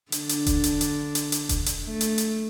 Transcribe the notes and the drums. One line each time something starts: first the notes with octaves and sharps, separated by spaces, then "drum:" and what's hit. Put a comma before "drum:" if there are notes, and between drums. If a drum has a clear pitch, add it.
D3 D4, drum: hi-hat
drum: hi-hat
drum: kick E1, hi-hat
drum: hi-hat
drum: hi-hat
drum: hi-hat
drum: hi-hat
drum: kick E1, hi-hat
drum: hi-hat
A3
drum: hi-hat
drum: hi-hat